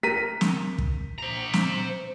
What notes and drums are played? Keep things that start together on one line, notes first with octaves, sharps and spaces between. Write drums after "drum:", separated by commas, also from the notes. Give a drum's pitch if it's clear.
A#4 B6 D#7
drum: snare
drum: kick
C5 A#5
drum: snare